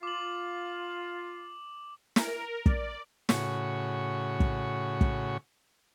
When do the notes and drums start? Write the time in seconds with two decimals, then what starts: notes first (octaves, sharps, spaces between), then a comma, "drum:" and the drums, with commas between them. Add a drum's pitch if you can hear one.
0.03 F4 D6 F#7
2.16 A#4, drum: snare
2.66 D5, drum: kick
3.29 A2 C#3 F#4 C#5, drum: snare
4.40 drum: kick
5.01 drum: kick